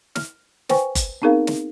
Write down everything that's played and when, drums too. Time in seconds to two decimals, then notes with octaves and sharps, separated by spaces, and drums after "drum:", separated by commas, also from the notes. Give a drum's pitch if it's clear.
0.15 F6, drum: snare
0.69 B4 C5 G5 G#5 C#6, drum: snare
0.95 drum: kick F#1, hi-hat
1.22 B3 C4 D#4 G#4 A#4 F5
1.47 drum: snare